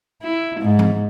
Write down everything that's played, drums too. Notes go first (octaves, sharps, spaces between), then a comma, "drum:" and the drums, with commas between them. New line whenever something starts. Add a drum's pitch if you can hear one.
E4
G#2
drum: tom E3